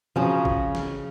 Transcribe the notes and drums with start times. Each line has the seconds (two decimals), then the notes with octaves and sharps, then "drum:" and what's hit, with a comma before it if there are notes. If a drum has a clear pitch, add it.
0.16 C#3 F3 F#3 C#4 G#4
0.45 drum: kick G#1
0.75 drum: snare